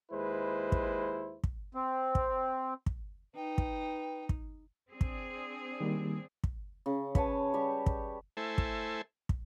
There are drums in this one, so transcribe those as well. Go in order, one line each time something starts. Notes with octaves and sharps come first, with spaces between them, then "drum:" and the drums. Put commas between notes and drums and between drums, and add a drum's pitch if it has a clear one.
D#2 G#3 E4 B4 C5
drum: kick
drum: kick
C4
drum: kick
drum: kick
D#4 B4 G5
drum: kick
drum: kick
C4 D4 G#4
drum: kick
D#3 G3 A#3
drum: kick
C#3
B4 C#5 G#5 A5, drum: kick
G3 G4 C#6
drum: kick
A3 E4 A4 C5 G#5
drum: kick
drum: kick